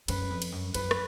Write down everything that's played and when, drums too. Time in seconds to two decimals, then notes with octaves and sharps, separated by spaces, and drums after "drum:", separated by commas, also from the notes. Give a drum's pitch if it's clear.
0.08 F#2 B4, drum: cymbal
0.30 F2
0.42 drum: cymbal
0.52 F#2
0.74 F#2 B4, drum: cymbal
0.91 drum: rim click